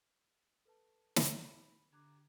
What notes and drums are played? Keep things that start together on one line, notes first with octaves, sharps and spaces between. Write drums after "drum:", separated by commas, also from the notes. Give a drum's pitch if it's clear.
A4 B4 A5
drum: snare
B5
D3 G4 A#5 D6 F#6 G#6